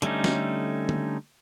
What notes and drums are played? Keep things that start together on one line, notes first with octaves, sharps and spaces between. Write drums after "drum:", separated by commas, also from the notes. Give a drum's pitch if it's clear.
D3 G3 A3 C#4 D#4, drum: hi-hat
drum: snare
drum: tom D3